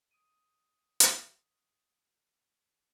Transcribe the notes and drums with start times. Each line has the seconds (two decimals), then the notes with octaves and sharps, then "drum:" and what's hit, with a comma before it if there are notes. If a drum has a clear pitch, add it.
0.11 D#6 D7 D#7
1.00 drum: hi-hat